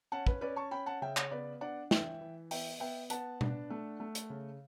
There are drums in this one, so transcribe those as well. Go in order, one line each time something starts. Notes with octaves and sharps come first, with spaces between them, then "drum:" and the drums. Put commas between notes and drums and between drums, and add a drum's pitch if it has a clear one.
C#4 F#5 A5
B4, drum: kick
C#4 B4 D5
A5 C#6
C#4 G5 B5
F#5 A5
C#3 E5 G5
C#5, drum: clap
B3 B4 D5
D4 D5 F#5
E3 E5 G5, drum: snare
E3
B3 E5 G5, drum: open hi-hat
B3 E5 G5
B3 F#5 A5, drum: hi-hat
D4, drum: tom B2
A3
A3
drum: hi-hat
C#3